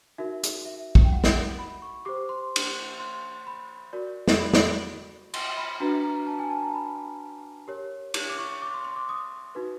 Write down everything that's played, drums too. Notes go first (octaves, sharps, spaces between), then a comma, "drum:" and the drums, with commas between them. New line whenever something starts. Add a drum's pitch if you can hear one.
D#4 F#4 A#4 E5
drum: hi-hat
E5
drum: kick
G5
F#5
G5, drum: snare
B5
C#6
G4 C5 D6
C6
drum: cymbal
C6
B5
F#4 A#4 D5
drum: snare
B5
drum: snare
C6, drum: cymbal
B5
D4 F#4 B4 A#5
A#5
A5
G#5
A5
A#5
B5
G4 A#4 C#5
drum: cymbal
D6
C#6
D6
C6
C6
D6
D#6
D#4 F#4 B4